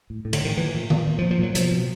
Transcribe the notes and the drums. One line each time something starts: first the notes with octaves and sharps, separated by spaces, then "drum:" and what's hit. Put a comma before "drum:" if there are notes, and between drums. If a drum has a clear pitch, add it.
A2
A2
D3, drum: cymbal
A2 D#3
A#2 E3
A#2
A#2, drum: tom D#3
A#2
F3
A#2
F3
A#2 F#3
B2 F3, drum: hi-hat
B2